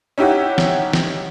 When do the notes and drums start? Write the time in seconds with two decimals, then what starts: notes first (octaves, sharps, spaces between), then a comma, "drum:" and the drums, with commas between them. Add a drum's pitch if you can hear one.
0.18 C#4 D#4 E4 G4 C#5 F#5
0.58 drum: snare
0.93 drum: snare